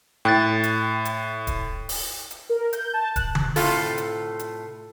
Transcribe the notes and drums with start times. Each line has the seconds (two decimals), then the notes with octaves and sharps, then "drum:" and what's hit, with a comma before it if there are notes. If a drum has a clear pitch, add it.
0.25 A2 G5 F#6 A6
0.64 drum: hi-hat
1.05 drum: hi-hat
1.47 drum: kick, hi-hat
1.89 drum: open hi-hat
2.31 drum: hi-hat
2.49 A#4
2.73 G6, drum: hi-hat
2.94 A5
3.16 F#6, drum: kick, hi-hat
3.35 drum: tom D3
3.56 A2 C3 F4 A4, drum: open hi-hat
3.98 drum: hi-hat
4.39 drum: hi-hat